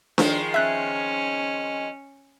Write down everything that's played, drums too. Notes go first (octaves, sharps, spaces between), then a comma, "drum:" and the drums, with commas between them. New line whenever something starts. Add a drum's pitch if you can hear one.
D#3 F3 G#3, drum: snare D4
C#4 E5 F#6